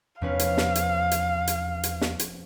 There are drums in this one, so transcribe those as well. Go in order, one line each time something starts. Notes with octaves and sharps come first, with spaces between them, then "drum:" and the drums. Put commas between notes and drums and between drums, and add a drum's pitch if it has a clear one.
F1 E2 F3 B3 C#4 B4 F5
drum: hi-hat
drum: snare
drum: hi-hat
drum: hi-hat
drum: hi-hat
drum: hi-hat
drum: snare
drum: hi-hat